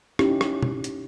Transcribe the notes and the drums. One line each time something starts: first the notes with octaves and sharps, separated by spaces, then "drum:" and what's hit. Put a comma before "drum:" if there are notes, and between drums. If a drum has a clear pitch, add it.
C#4 D#4 E4 G4, drum: rim click
drum: rim click
drum: tom B2
drum: hi-hat